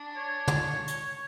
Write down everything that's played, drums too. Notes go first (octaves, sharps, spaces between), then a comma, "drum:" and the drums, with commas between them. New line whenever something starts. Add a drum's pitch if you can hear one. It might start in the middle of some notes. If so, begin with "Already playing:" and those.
Already playing: D4
C#5
drum: tom
drum: hi-hat